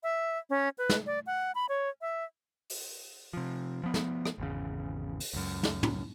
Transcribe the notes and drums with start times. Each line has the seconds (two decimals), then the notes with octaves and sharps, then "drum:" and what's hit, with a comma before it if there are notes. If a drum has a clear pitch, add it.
0.03 E5
0.50 C#4
0.78 B4
0.90 drum: snare
1.06 D5
1.27 F#5
1.55 B5
1.69 C#5
2.01 E5
2.70 drum: open hi-hat
3.33 C3 F3
3.83 F3 B3
3.94 drum: snare
4.26 drum: rim click
4.38 G#1 E2 C#3
5.20 drum: open hi-hat
5.33 C#2 F#2
5.63 drum: snare
5.83 drum: tom